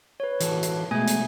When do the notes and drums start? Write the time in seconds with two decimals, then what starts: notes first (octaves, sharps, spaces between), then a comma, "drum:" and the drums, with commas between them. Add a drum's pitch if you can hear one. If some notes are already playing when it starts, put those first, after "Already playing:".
0.20 B4 C#5
0.40 E3 F#4 A4, drum: hi-hat
0.63 drum: hi-hat
0.91 B2 G#3 A3 G#5 G#6
1.07 drum: hi-hat